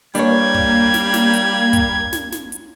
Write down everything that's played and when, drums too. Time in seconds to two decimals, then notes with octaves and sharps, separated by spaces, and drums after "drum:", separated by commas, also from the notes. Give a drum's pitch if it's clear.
0.15 G3 A#3 D4 C#5 G#6, drum: hi-hat
0.54 drum: kick
0.94 drum: snare
1.14 drum: snare
1.33 drum: hi-hat
1.73 drum: kick, hi-hat
2.13 drum: snare
2.32 drum: snare
2.52 drum: hi-hat